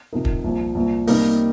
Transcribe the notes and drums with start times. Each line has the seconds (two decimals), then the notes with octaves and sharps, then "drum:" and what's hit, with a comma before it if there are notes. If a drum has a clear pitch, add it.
0.13 C3 F3 D#4 A#4
0.25 drum: kick
0.44 C2 A#2 F3
0.75 C2 A#2 F3
1.07 C3 G3 A#3 D#4 A#4, drum: open hi-hat